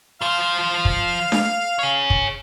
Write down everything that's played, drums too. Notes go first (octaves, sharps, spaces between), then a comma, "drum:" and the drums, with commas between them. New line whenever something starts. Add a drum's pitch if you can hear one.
F3 C5 F5
drum: kick
drum: snare D4
G#4 C#5
drum: kick